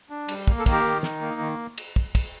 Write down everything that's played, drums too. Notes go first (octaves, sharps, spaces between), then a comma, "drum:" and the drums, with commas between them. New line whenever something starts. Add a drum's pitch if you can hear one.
D4
G3, drum: cymbal
A#3, drum: kick
A4
D#3, drum: kick, cymbal
G4 A#4
D#3
D#4, drum: snare
A#3
D#3
drum: cymbal
drum: kick
drum: kick, cymbal